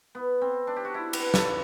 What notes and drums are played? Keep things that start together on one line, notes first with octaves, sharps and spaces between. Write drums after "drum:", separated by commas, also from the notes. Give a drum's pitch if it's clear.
B3
C4
D4
G4
F#4
E4
B4, drum: cymbal
A4, drum: snare